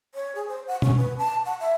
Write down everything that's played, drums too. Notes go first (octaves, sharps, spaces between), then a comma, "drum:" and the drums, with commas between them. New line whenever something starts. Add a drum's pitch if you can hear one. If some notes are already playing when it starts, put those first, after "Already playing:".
C#5
G#4
C5
F#5
C#4, drum: tom B2
B4
A5
F#5
E5